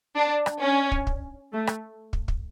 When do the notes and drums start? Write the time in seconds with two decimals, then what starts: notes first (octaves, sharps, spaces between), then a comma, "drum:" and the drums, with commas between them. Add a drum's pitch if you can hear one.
0.16 D4
0.46 drum: rim click
0.61 C#4
0.92 drum: kick
1.07 drum: kick
1.52 A3
1.67 drum: rim click
2.13 drum: kick
2.28 drum: kick